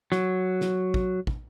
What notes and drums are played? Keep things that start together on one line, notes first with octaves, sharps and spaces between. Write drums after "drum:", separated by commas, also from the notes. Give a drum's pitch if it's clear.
F#3, drum: snare
drum: snare
drum: kick
drum: kick